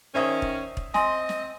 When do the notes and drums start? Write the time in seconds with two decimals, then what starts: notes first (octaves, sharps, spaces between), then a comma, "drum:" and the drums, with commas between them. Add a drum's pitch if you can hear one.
0.15 D#3 C#4 C5 D5 E5 C#6 D#6
0.42 drum: kick
0.77 drum: kick
0.94 C4 D#5 G#5 C6, drum: snare
1.29 drum: snare